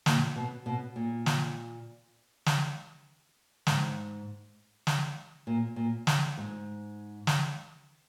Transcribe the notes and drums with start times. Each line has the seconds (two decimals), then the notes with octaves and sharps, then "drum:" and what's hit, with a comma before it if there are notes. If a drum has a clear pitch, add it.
0.06 A#2, drum: snare
0.36 B2
0.66 B2
0.96 A#2
1.26 drum: snare
2.46 drum: snare
3.67 G#2, drum: snare
4.87 drum: snare
5.47 A#2
5.76 A#2
6.07 drum: snare
6.38 G#2
7.27 drum: snare